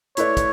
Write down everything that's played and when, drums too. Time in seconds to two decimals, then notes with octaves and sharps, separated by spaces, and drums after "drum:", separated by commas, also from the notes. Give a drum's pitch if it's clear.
0.17 A3 E4 B4 C#5 D5, drum: hi-hat
0.37 drum: kick, hi-hat